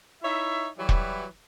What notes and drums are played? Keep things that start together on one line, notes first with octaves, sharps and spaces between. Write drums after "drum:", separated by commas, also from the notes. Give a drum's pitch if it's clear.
D#4 E4 C#5 E5
E3 F#3 G3
drum: kick E1